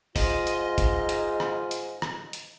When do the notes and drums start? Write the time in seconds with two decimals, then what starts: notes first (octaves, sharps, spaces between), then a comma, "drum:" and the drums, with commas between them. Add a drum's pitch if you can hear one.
0.16 G#2 F4 D#5, drum: kick, open hi-hat
0.47 drum: hi-hat
0.78 drum: kick, hi-hat
1.09 drum: hi-hat
1.40 drum: rim click
1.71 drum: hi-hat
2.02 drum: rim click
2.33 drum: hi-hat